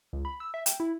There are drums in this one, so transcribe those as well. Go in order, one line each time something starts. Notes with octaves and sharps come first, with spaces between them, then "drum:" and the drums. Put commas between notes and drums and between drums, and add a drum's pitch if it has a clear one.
C#2
B5
E6
E5
G5, drum: hi-hat
E4